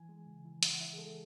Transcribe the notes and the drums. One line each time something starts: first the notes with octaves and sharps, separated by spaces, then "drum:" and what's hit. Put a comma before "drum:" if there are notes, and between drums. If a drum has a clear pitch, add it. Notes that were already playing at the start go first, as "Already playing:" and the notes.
Already playing: E3 G#5
G#3
C#3
E3
E3 F#5, drum: hi-hat
F#5
E3 E5
G#4
G#3 A4